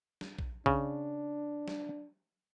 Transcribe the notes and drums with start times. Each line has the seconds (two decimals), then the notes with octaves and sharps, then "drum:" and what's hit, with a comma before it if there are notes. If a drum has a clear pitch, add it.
0.21 drum: snare
0.39 drum: kick A#1
0.66 C#3 D4, drum: kick A#1
1.68 drum: snare